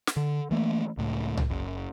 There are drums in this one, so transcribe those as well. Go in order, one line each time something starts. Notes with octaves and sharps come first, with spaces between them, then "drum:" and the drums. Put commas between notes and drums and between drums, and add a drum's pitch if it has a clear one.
drum: snare
D3
E3 A3 A#3
C#2 A2
drum: tom C2
F#1